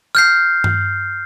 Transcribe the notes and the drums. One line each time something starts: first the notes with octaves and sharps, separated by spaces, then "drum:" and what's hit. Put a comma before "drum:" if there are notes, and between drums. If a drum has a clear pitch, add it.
F6 G6 C7
drum: tom G2